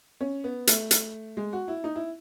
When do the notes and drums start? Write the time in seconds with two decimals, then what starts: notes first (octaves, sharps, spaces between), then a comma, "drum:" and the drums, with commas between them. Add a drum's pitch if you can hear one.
0.21 C#4
0.44 B3
0.67 A3, drum: hi-hat
0.91 drum: hi-hat
1.37 G#3
1.53 F#4
1.68 E4
1.84 D#4
1.96 E4